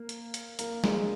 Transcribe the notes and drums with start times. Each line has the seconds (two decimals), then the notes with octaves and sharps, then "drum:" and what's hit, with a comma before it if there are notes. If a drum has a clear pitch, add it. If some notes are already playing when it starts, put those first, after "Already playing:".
Already playing: A#3
0.09 drum: hi-hat
0.34 drum: hi-hat
0.59 A#3, drum: hi-hat
0.84 G#3, drum: snare